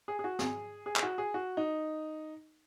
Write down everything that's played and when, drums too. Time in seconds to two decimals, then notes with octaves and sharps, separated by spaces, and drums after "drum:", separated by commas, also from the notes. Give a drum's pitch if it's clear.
0.08 G#4
0.19 G#4
0.24 F#4
0.39 G#4, drum: snare
0.86 G#4
0.96 G#4, drum: clap
1.03 F#4
1.18 G#4
1.34 F#4
1.57 D#4